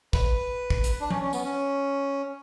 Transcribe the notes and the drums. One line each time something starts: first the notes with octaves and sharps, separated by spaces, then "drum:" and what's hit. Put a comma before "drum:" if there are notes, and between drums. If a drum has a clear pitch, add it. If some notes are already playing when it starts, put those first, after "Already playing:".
B4, drum: kick
drum: kick
drum: hi-hat
D4
C#4, drum: tom F3
C#4
B3, drum: tambourine
C#4